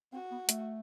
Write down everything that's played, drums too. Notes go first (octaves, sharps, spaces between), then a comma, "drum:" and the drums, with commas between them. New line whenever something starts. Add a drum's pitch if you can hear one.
C4 F#4
B3
A3, drum: hi-hat